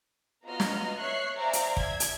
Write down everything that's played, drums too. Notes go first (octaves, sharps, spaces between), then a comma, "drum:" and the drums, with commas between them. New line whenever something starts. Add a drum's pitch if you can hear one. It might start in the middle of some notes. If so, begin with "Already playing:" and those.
B3 F4 F#4 D#5 A#5 F6
drum: snare
C#5 E5 C#6 F#6 C7
C5 D5 E5 F5 G#5 A#5
drum: hi-hat
E5 G#6, drum: kick
drum: hi-hat